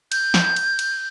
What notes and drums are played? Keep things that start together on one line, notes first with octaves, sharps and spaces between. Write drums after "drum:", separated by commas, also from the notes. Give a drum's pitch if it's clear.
G6, drum: cymbal
drum: snare
drum: cymbal
drum: cymbal